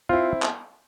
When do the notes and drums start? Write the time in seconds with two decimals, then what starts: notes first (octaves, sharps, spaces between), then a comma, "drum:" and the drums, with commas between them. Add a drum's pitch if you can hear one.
0.09 C4 E4 F4
0.42 drum: clap